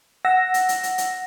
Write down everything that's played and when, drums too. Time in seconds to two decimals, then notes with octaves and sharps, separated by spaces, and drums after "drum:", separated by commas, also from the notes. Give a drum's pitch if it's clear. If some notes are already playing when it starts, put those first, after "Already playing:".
0.25 F#5 E6 A#6
0.54 drum: hi-hat
0.69 drum: hi-hat
0.83 drum: hi-hat
0.98 drum: hi-hat